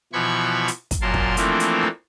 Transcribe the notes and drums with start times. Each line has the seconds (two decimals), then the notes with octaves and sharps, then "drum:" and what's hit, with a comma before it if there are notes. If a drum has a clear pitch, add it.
0.13 B2 E3 F3 B5 C#6 G#6
0.68 drum: hi-hat
0.91 drum: kick, hi-hat
1.01 F#2 A#2 F#3 A#4 A5 C6
1.14 drum: kick
1.37 E3 F3 A3 A#3 C4 D4, drum: hi-hat
1.60 drum: hi-hat
1.83 drum: rim click